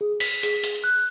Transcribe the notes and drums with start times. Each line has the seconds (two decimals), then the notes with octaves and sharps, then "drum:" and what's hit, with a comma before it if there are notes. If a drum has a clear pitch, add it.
0.01 G#4
0.20 B6, drum: open hi-hat
0.43 G#4, drum: hi-hat
0.64 drum: hi-hat
0.84 F#6